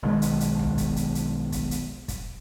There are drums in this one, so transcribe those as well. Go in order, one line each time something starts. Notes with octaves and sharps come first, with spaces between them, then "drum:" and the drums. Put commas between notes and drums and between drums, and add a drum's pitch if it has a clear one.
B1 D#3 G#3
drum: hi-hat
drum: hi-hat
drum: tom C#2
drum: kick, hi-hat
drum: hi-hat
drum: hi-hat
drum: kick, hi-hat
drum: hi-hat
drum: kick, hi-hat